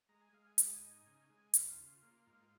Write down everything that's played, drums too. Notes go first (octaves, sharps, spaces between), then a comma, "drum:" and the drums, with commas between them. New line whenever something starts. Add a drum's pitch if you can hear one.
G#3 A#5
G#5
G#3 F5
G#5
G#2 G#5, drum: hi-hat
D#4
C#3
G#3
D#2 F4, drum: hi-hat
C#3
A#3
G#2